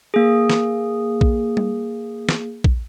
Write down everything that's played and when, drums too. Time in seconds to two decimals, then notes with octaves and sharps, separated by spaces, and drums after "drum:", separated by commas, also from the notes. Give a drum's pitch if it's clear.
0.14 A#3 G#4
0.50 drum: snare
1.21 drum: kick
1.57 drum: tom G3
2.29 drum: snare
2.64 drum: kick